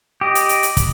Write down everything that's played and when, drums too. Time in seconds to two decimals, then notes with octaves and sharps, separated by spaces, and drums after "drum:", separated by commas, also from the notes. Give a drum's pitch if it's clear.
0.21 G4 D#5
0.35 drum: hi-hat
0.49 drum: hi-hat
0.63 drum: hi-hat
0.77 drum: kick, hi-hat